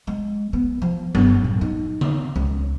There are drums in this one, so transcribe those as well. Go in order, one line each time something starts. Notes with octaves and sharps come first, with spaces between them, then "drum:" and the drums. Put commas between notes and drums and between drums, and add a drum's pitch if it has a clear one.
G#3
B3
F3
G1, drum: tom F#3
A#2
D#4
drum: tom C#3
C#2